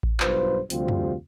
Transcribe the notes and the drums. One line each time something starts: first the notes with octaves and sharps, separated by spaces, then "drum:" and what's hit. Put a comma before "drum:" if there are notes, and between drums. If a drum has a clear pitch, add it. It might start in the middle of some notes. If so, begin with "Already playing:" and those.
drum: kick A1
B1 G2 F4 B4 C5, drum: clap
D2 C3 F3 G3 C4 F4, drum: hi-hat
drum: tom